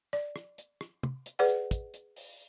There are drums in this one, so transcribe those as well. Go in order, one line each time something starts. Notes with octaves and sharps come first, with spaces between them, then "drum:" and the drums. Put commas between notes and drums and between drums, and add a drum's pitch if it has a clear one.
D5
drum: rim click
drum: hi-hat
drum: rim click
drum: tom
drum: hi-hat
G#4 B4 D5 F#5
drum: hi-hat
drum: kick, hi-hat
drum: hi-hat
drum: open hi-hat